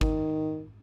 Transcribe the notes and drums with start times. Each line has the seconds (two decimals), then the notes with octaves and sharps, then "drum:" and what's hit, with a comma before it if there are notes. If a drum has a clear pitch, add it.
0.01 D#3, drum: kick